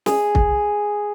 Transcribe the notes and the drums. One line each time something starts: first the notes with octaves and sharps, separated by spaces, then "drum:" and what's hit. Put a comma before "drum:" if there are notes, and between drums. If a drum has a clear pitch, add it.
G#4, drum: snare
drum: kick